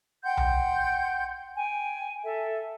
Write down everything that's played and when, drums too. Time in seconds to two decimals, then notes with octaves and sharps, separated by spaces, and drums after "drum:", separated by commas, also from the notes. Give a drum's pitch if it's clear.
0.25 F#5 G5 C6 G6
0.37 drum: tom B1
1.56 G5 G#5
2.25 A4 E5